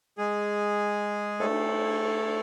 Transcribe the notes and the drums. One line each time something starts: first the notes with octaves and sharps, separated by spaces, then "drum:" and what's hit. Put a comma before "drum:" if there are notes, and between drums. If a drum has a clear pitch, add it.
G#3 G#4
A3 A4, drum: cymbal